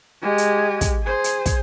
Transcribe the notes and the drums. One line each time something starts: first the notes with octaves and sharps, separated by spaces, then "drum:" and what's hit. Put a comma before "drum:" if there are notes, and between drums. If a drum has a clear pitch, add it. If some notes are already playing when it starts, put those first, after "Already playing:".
G#3 G4
drum: hi-hat
drum: kick, hi-hat
G#4 C5
drum: hi-hat
drum: kick, hi-hat